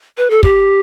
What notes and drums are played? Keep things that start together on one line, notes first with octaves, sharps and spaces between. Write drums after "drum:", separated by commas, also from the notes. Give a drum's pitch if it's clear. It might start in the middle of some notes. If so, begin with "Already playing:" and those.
B4
A4
G4, drum: kick